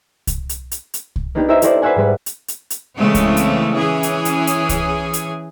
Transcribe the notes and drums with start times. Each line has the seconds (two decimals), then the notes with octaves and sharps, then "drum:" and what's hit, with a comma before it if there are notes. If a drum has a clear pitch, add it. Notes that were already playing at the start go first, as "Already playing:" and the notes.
0.27 drum: kick C2, hi-hat
0.49 drum: hi-hat
0.72 drum: hi-hat
0.94 drum: hi-hat
1.16 drum: kick C2
1.35 A#3 B3 D4 D#4 G4
1.48 E4 G4 A#4 C5 D#5 E5
1.62 E4 G4 A4 A#4 C5 D5, drum: hi-hat
1.82 B4 C5 E5 F#5 G#5
1.96 G#2 G3 B4 F#5
2.26 drum: hi-hat
2.48 drum: hi-hat
2.70 drum: hi-hat
2.98 C#3 E3 G#3 A3 C4
3.15 drum: kick C2, hi-hat
3.37 drum: hi-hat
3.74 E3 C#4 G#4
4.03 drum: hi-hat
4.25 drum: hi-hat
4.47 drum: hi-hat
4.69 drum: kick C2, hi-hat
5.13 drum: hi-hat